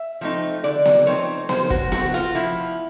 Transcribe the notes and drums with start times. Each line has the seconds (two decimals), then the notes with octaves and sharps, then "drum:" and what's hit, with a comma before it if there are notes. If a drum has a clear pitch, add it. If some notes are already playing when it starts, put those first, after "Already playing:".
Already playing: E5
0.21 F3 A3 C4 D#4
0.63 D3 D5
0.85 drum: snare B3
1.07 F3 A3 C4 D#4 C#5
1.49 F3 C5, drum: snare B3
1.70 F#4, drum: kick
1.92 A3 C4 F#4, drum: snare B3
2.14 F4
2.35 F3 E4